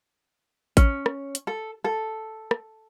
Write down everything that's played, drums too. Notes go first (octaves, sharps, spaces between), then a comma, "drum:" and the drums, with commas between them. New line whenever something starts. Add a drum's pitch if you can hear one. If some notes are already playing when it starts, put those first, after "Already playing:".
C#4, drum: kick A1, hi-hat
drum: rim click
drum: hi-hat
A4
A4
drum: rim click